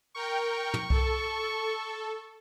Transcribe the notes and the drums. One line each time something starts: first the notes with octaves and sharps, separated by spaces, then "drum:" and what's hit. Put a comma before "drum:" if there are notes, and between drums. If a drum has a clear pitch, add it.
A#4 G5 C#6
drum: tom
A4, drum: kick C2